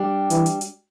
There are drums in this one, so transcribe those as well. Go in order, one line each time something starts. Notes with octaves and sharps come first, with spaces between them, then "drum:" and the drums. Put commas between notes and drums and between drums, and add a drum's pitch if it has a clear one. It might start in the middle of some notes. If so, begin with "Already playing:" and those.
Already playing: G3 D4 G4
E3, drum: hi-hat
drum: hi-hat
drum: hi-hat